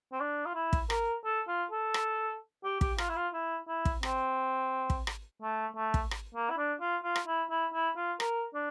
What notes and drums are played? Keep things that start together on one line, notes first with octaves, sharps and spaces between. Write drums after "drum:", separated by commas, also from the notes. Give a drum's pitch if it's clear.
C4
D4
F4
E4
drum: kick
A#4, drum: rim click
A4
F4
A4
drum: rim click
G4
G4, drum: kick
F4, drum: rim click
E4
F4
E4
E4
drum: kick
C4, drum: rim click
drum: kick
drum: rim click
A3
A3
drum: kick
drum: rim click
A#3
E4
D4
F4
F4
drum: rim click
E4
E4
E4
F4
A#4, drum: rim click
D4